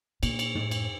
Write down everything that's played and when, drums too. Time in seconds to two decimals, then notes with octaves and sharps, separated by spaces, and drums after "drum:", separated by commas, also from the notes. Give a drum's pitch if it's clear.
0.23 A#2, drum: cymbal
0.39 drum: cymbal
0.55 A2, drum: tom
0.71 drum: cymbal